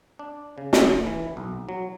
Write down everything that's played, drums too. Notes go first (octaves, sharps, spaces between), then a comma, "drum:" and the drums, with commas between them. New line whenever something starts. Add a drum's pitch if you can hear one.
D4
C#3
drum: snare
E3
B1
F#3